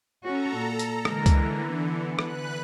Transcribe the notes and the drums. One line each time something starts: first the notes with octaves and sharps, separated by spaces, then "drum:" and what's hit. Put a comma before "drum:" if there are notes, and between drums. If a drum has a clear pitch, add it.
C#4 F#4 A4 A#5
A#2
drum: hi-hat
D3 E3 G#3 A#4, drum: rim click
drum: kick C#2, hi-hat
B3
B4 F#6, drum: rim click